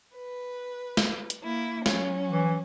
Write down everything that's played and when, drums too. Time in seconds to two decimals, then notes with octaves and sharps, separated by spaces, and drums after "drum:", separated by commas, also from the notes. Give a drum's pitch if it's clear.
0.16 B4
0.97 drum: snare
1.30 drum: hi-hat
1.42 A#3 E4
1.86 F#3 C#4, drum: snare
2.29 E3